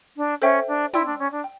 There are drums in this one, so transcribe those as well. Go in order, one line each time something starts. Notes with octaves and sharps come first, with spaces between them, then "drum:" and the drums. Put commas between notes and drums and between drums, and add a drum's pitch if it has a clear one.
D4
C#4 A4 C5 E5 G5, drum: open hi-hat
D4
E4 D5 G5 C6 E6, drum: snare
D4
C#4
D4
G5